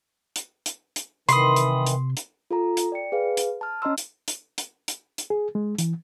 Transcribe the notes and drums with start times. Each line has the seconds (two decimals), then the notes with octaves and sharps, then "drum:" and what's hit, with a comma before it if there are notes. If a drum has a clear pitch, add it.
0.36 drum: hi-hat
0.66 drum: hi-hat
0.96 drum: hi-hat
1.29 C3 D#3 E3 B5 C6 D#6, drum: hi-hat
1.56 drum: hi-hat
1.87 drum: hi-hat
2.17 drum: hi-hat
2.51 F4 A4 A#5
2.77 drum: hi-hat
2.92 D5 G5 C#7
3.12 G#4 B4 F5
3.37 drum: hi-hat
3.61 A5 F6
3.82 C#4 D#5 A#5 C6 E6
3.98 drum: hi-hat
4.28 drum: hi-hat
4.58 drum: hi-hat
4.88 drum: hi-hat
5.18 drum: hi-hat
5.30 G#4
5.55 G#3
5.78 E3, drum: hi-hat